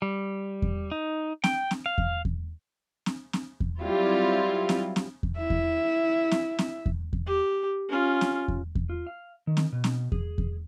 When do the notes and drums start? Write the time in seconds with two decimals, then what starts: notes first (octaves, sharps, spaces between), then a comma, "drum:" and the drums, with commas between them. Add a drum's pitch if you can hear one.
0.02 G3
0.62 drum: kick E2
0.92 D#4
1.44 G5, drum: snare
1.71 drum: snare
1.86 F5
1.98 drum: kick E2
2.25 drum: kick E2
3.06 drum: snare
3.33 drum: snare
3.60 drum: kick E2
3.81 F#3 G3 C4 E4 F4
4.69 drum: snare
4.96 drum: snare
5.23 drum: kick E2
5.38 E4 E5
5.50 drum: kick E2
6.31 drum: snare
6.59 drum: snare
6.86 drum: kick E2
7.13 drum: kick E2
7.27 G4
7.89 C#4 F4
8.21 drum: snare
8.48 drum: kick E2
8.75 drum: kick E2
8.89 F4
9.07 F5
9.47 D#3
9.57 drum: snare
9.72 B2
9.84 drum: snare
10.12 G#4, drum: kick E2
10.38 drum: kick E2